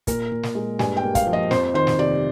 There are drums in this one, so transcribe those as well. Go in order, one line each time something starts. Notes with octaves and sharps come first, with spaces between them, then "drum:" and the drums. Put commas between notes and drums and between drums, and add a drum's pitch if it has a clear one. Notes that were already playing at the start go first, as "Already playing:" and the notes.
A#2 A#4, drum: kick, hi-hat
A#2
drum: snare
G#3
G2 G#5, drum: snare
G5
A#3
F5, drum: kick, hi-hat
F3
D#5
F2 C5, drum: snare
D#3 C5
drum: snare
C3 D5